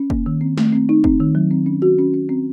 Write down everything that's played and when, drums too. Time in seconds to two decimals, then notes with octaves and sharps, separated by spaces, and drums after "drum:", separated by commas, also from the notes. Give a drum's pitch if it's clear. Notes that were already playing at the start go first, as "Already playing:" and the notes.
Already playing: C#4
0.10 A#3, drum: kick
0.26 D#3
0.41 C4
0.58 A3, drum: snare
0.73 C4
0.89 D#4
1.04 C4, drum: kick
1.20 D#3
1.35 F#3
1.51 C4
1.66 C#4
1.82 F#4
1.99 C#4
2.14 C#4
2.29 C4